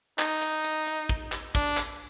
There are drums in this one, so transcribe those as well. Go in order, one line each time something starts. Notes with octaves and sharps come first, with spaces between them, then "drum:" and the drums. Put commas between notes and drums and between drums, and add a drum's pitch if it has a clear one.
D#4, drum: clap
drum: hi-hat
drum: hi-hat
drum: hi-hat
drum: kick
drum: clap
D4, drum: kick, hi-hat
drum: clap